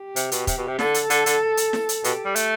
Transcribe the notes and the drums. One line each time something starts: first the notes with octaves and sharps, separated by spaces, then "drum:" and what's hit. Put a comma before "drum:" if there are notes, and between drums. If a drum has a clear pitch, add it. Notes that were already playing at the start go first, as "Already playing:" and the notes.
Already playing: G4
C3, drum: hi-hat
B2, drum: hi-hat
C3, drum: kick, hi-hat
B2
C3
D3 A4, drum: snare
drum: hi-hat
D3, drum: hi-hat
D3, drum: hi-hat
drum: hi-hat
drum: snare
drum: hi-hat
B2 G4, drum: hi-hat
G3
A3, drum: hi-hat